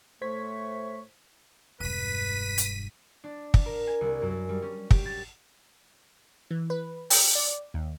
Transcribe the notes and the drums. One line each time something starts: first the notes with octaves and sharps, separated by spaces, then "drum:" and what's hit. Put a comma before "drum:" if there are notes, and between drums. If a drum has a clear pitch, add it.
A2 A3 C5 C#6 G#6 B6
E1 G2 B4 B6 D#7
drum: hi-hat
D4
drum: kick
A#4
G#5
C2
F#2
G3
C#4
G4, drum: kick
A6
E3
B4
G5, drum: open hi-hat
D5
D#2